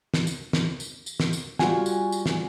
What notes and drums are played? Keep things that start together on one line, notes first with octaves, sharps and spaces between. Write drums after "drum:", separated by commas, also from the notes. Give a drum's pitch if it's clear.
drum: snare
drum: tambourine
drum: snare
drum: tambourine
drum: tambourine
drum: snare
drum: tambourine
G3 F4 F#4 G#5, drum: snare
drum: tambourine
drum: tambourine
drum: snare